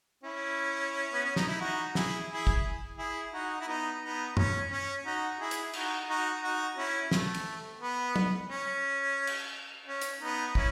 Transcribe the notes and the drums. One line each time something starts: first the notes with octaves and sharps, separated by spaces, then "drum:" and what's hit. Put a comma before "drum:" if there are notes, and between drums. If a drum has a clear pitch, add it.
C#4 E4
B3
C#4
D#4, drum: snare
E4
D#4 F#4
E4 G#4, drum: snare
E4 G#4
drum: kick
E4 G#4
D#4 F#4
E4
B3 D#4
B3 D#4
C#4, drum: tom F#2
C#4
D#4 F#4
E4 G#4
drum: hi-hat
D#4 F#4, drum: cymbal
D#4 F#4
D#4 F#4
C#4 E4
A3, drum: snare
drum: cymbal
B3
drum: tom
C#4
drum: cymbal
C#4
drum: hi-hat
B3 D#4
C#4 E4, drum: kick